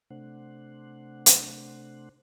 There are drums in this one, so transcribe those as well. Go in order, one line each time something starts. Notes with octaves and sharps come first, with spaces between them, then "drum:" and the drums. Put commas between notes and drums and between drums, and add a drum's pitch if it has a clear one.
C3 A3 D4 C5 F#5
drum: hi-hat